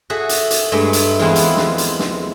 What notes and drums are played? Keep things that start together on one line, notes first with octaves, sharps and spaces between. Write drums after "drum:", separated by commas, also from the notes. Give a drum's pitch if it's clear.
F#4 G#4 A4 E5
drum: hi-hat
drum: hi-hat
G2 G#3 A3 E5
drum: hi-hat
E2 G#3 B3 C4 E4 F4
drum: hi-hat
drum: snare
drum: hi-hat
drum: snare